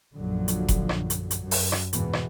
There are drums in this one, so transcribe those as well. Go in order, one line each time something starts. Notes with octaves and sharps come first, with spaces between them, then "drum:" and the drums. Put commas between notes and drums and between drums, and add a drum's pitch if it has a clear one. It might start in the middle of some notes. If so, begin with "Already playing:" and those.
A#1 F#2 D3 F3 F#3
drum: hi-hat
drum: kick F1, hi-hat
drum: rim click
drum: hi-hat
drum: hi-hat
F#2
drum: open hi-hat
drum: rim click
E2 G#2 B2 E3 B3, drum: hi-hat
drum: rim click